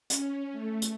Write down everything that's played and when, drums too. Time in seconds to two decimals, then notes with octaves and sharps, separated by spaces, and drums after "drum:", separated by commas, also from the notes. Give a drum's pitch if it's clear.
0.10 C#4, drum: hi-hat
0.52 A3
0.82 drum: hi-hat